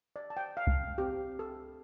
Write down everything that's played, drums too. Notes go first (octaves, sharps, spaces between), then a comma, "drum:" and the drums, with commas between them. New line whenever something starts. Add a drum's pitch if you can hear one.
D5
A5
G5
F5
drum: kick C2
C4 G4
A4